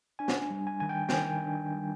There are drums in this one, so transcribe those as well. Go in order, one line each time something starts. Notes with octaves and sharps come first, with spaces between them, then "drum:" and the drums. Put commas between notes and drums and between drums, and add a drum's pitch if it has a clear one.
D4 G#5
drum: snare
G3
G#5
D#3 G#5
G5
G5, drum: snare
D#3 G#5
D4
G3